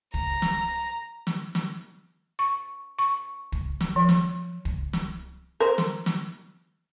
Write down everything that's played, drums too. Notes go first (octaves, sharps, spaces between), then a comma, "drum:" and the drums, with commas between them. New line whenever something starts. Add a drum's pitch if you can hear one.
A#5, drum: kick
drum: snare
drum: snare
drum: snare
C#6
C#6
drum: kick
drum: snare
F3
drum: snare
drum: kick
drum: snare
A#4 C5
drum: snare
drum: snare